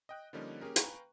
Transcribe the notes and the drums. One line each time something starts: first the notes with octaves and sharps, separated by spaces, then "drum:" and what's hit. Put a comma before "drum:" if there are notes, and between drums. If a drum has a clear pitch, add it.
D#5 G5 F#6
D3 F3 G3 A#3 C#4 D#4
A#3 C#4 G4 G#4 A#4
B4 F5 G5 G#5 A#5 C#6, drum: hi-hat